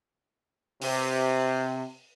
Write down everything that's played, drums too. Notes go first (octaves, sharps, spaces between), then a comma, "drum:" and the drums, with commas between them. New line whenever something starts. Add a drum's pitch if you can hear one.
C3, drum: open hi-hat